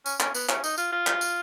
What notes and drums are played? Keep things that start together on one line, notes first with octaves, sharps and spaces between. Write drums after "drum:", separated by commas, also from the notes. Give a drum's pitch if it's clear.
C#4, drum: tambourine
C#4, drum: clap
B3, drum: tambourine
C#4, drum: clap
D#4, drum: tambourine
F4, drum: tambourine
F4
drum: clap
drum: tambourine